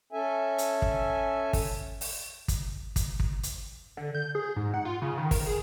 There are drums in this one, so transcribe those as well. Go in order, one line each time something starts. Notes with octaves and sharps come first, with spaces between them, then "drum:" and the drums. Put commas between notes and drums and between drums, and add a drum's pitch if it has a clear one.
C#4 A4 E5 G#5
drum: hi-hat
drum: kick
drum: kick, open hi-hat
drum: open hi-hat
drum: kick, hi-hat
drum: kick, hi-hat
drum: kick
drum: hi-hat
D3
G6
G#4
G#2
F#5
F4
C#3
D#3
A#4, drum: kick, open hi-hat
G#4